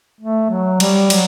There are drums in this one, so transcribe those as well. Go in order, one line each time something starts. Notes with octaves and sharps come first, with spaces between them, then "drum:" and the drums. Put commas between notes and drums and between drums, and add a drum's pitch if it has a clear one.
A3
F#3
G3, drum: cymbal
F#3, drum: cymbal